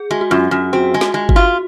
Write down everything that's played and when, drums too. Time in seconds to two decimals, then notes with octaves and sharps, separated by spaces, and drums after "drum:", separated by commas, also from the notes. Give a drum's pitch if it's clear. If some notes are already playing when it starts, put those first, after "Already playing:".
Already playing: G#4
0.11 G#3 F#4
0.21 F#4
0.31 F#2 F4
0.51 F#2 F#4
0.73 C4 F#4
0.94 G#3
1.01 F#4, drum: snare
1.14 G#3
1.29 F#4, drum: kick G1
1.36 F4